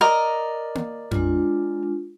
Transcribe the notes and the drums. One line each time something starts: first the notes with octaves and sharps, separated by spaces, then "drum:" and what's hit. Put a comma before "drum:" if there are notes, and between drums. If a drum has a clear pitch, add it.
A#4 D5 D#5
drum: tom A#3
G#3 D4 F4, drum: tom F2